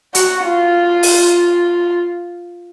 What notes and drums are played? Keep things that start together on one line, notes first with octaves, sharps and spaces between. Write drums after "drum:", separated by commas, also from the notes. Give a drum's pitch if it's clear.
F#4, drum: hi-hat
F4
drum: open hi-hat